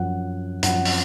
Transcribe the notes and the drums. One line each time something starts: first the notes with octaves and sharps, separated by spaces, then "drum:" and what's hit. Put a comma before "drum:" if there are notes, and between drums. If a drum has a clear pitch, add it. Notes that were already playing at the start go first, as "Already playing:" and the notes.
Already playing: F#2 F3 F#5
F#2 F3 F#5, drum: hi-hat
drum: open hi-hat